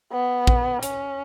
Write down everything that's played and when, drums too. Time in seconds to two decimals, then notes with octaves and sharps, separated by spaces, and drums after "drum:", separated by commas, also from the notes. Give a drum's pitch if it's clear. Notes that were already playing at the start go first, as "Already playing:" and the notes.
0.12 B3
0.47 drum: kick
0.83 C#4, drum: hi-hat